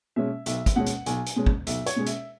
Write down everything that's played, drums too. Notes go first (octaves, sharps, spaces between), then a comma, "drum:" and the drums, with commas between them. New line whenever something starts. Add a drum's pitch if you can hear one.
B2 G#3 C#4 E5
B1 E5, drum: hi-hat
drum: kick, hi-hat
B2 G#3 C#4 F#5
drum: hi-hat
B1 G#5, drum: hi-hat
drum: hi-hat
B2 G#3 C#4
drum: kick
B1 E5, drum: hi-hat
C#5, drum: hi-hat
B2 G#3 C#4
E5, drum: hi-hat